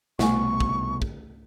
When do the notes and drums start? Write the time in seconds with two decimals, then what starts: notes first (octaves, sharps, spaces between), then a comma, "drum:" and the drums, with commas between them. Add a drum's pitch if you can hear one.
0.19 C2 B2 A3 G#5 C#6, drum: snare
0.60 drum: kick
1.02 drum: kick